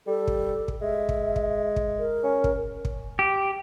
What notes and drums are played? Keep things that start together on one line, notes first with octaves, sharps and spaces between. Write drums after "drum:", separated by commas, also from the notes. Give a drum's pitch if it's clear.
G3 A4
drum: kick
drum: kick
G#3 E5
drum: kick
drum: kick
drum: kick
A#4
C#4
drum: kick
drum: kick
G4